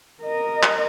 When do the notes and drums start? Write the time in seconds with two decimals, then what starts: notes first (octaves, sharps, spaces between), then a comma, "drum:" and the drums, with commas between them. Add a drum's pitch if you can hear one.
0.23 A#4 D#5
0.63 drum: clap